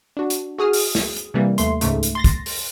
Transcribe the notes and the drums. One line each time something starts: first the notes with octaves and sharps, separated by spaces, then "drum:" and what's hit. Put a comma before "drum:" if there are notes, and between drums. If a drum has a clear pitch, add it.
D4 F#4
drum: hi-hat
F#4 G#4 D#6 F6
drum: open hi-hat
drum: snare
drum: hi-hat
C3 E3 G3 A#3
D#2 A3 C6, drum: hi-hat
C#2 G#2 C#3 A3, drum: hi-hat
drum: hi-hat
C6 A6 A#6
drum: kick, hi-hat
drum: open hi-hat